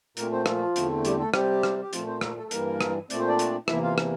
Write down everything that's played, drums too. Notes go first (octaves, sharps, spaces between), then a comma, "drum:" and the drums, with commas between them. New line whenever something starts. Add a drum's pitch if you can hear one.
A#2 A3 A#3 C4 A#4, drum: hi-hat
C4 C5
F3 F4, drum: rim click
E2 D3 A3 C4, drum: hi-hat
G3 G4, drum: hi-hat
A3 A4
C3 G3 C4 G4, drum: rim click
drum: rim click
G4
A#2 F3 A3 C4 F4, drum: hi-hat
C4 C5
A#3 A#4, drum: rim click
A3 A4
A4
G2 E3 G3 A#3 A#4, drum: hi-hat
drum: rim click
A#2 A3 C4 D5, drum: hi-hat
C5
D4 D5
drum: hi-hat
E2 C3 E3 A#3 E4 E5, drum: rim click
F4 F5
drum: rim click